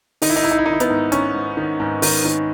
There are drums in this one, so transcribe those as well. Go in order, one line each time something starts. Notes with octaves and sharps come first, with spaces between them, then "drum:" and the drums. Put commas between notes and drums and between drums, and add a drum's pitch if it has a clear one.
D#3 D#4, drum: open hi-hat
E4
D#4
D#3 E4
D#4
E4
D#3 D#4
E4
B3 D#4, drum: hi-hat
G#2
D#3 C#4, drum: hi-hat
G#2
D#3
G#2
D#3, drum: open hi-hat
D#3